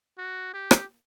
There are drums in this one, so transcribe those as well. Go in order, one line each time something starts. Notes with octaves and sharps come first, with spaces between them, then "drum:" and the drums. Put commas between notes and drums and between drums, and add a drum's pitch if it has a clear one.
F#4
G4
drum: rim click